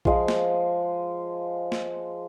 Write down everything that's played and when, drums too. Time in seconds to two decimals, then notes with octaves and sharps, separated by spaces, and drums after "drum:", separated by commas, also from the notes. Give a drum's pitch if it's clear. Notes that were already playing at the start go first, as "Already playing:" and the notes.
0.05 F3 G#3, drum: kick A#1
0.28 drum: snare
1.72 drum: snare